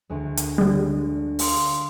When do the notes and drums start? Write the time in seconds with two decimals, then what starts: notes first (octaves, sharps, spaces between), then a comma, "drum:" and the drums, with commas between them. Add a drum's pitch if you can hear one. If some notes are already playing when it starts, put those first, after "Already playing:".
0.10 D2 G#3
0.37 drum: hi-hat
0.58 D3 G3 G#3
1.39 F5 C6 D#6, drum: open hi-hat